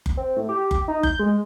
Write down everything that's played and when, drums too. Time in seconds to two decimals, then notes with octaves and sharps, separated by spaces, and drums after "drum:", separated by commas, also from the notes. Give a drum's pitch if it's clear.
0.06 drum: kick F#1
0.17 C4
0.36 A2
0.49 G4
0.71 drum: kick F#1
0.88 D#4
1.03 G6, drum: kick F#1
1.19 G#3